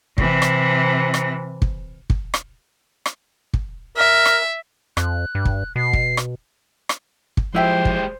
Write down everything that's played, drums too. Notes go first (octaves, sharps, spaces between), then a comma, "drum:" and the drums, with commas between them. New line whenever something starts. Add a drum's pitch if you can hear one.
C3 E3, drum: kick
drum: rim click
drum: rim click
drum: kick
drum: kick
drum: rim click
drum: rim click
drum: kick
A#4 E5
drum: rim click
F2 F#6, drum: rim click
G2
drum: kick
B2 C7
drum: kick
drum: rim click
drum: rim click
drum: kick
F3 G#3 E4 G4 C5 E5 G5
drum: kick